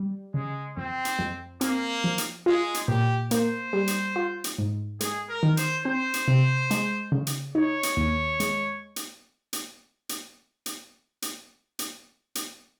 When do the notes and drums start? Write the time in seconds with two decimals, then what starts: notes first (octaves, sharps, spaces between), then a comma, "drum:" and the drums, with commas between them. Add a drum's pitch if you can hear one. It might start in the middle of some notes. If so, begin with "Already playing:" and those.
Already playing: G3
0.34 C#3 G#3
0.77 F2 C4
1.05 drum: hi-hat
1.19 F2
1.61 A#3 C4, drum: hi-hat
2.04 F3
2.18 drum: hi-hat
2.46 G#3 F4
2.74 drum: hi-hat
2.88 A#2 G4
3.31 A#3 C5, drum: hi-hat
3.73 G3
3.87 drum: hi-hat
4.16 F4
4.44 drum: hi-hat
4.58 G#2
5.00 G#3 G#4, drum: hi-hat
5.29 A#4
5.43 D#3
5.57 C5, drum: hi-hat
5.85 C4 C5
6.14 drum: hi-hat
6.28 C3
6.71 G#3, drum: hi-hat
7.12 C#3
7.27 drum: hi-hat
7.55 D#4 C#5
7.83 drum: hi-hat
7.97 D#2
8.40 G#3, drum: hi-hat
8.96 drum: hi-hat
9.53 drum: hi-hat
10.09 drum: hi-hat
10.66 drum: hi-hat
11.22 drum: hi-hat
11.79 drum: hi-hat
12.35 drum: hi-hat